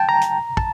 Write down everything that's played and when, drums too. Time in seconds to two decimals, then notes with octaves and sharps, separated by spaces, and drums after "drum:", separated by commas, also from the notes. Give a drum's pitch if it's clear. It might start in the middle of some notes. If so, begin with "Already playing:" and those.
Already playing: G5 A5
0.09 A#5
0.21 drum: hi-hat
0.57 A5, drum: kick